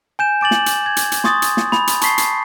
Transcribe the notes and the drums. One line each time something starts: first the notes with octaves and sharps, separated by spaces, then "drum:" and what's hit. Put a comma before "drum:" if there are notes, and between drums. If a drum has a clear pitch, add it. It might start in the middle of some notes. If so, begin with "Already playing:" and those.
G#5 G6 E7
G#5 D6 A6 F#7
drum: snare
drum: hi-hat
G#6
drum: hi-hat
drum: hi-hat
C6 C#6 D#6 A6, drum: snare
drum: hi-hat
drum: snare
B5, drum: snare
drum: hi-hat
A5 C#6 B6 C7, drum: hi-hat
drum: hi-hat